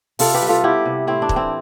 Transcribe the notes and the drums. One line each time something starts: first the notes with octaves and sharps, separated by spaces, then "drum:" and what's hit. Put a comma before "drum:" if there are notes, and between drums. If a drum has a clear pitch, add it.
C3 F4 A4, drum: open hi-hat
G4 B4
G3
F4 A4
B3 E4 G4
C3
A2 C4 E4
D4
E3, drum: kick
C4